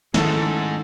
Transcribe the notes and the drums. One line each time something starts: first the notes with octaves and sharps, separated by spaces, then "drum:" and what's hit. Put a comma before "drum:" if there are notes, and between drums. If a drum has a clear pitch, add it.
F2 G#2 D#3 A3 C#4 E4 A4 A5, drum: snare